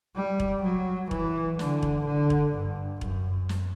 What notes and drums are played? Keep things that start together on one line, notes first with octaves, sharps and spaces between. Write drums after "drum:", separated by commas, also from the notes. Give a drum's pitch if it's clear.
G3
drum: kick E1
F#3
E3, drum: kick E1
D3, drum: snare
drum: kick E1
D3
drum: kick E1
G2
F#2, drum: kick E1
drum: snare